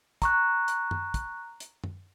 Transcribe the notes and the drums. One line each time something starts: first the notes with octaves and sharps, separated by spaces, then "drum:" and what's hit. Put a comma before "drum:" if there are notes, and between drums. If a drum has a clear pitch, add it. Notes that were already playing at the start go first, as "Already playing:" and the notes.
A#5 C#6 F#6, drum: kick, hi-hat
drum: hi-hat
drum: tom
drum: kick, hi-hat
drum: hi-hat
drum: tom